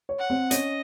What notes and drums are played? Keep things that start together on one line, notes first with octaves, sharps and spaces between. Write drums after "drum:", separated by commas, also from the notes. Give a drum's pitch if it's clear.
C#5
F#5
C4
C#4 D#5, drum: hi-hat